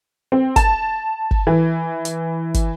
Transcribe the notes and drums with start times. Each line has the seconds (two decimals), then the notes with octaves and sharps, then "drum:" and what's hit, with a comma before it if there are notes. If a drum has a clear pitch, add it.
0.32 C4
0.56 A5, drum: kick, hi-hat
1.31 drum: kick
1.47 E3
2.05 drum: hi-hat
2.54 drum: kick, hi-hat